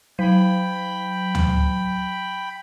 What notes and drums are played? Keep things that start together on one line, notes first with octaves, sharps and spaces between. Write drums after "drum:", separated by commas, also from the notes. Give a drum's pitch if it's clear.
F#3 G5 B5
drum: tom D2